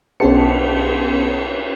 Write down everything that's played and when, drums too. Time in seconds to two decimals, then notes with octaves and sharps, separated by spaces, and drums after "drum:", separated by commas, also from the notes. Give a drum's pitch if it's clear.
0.20 B1 B3 C#4 G#4 A5 C#7, drum: cymbal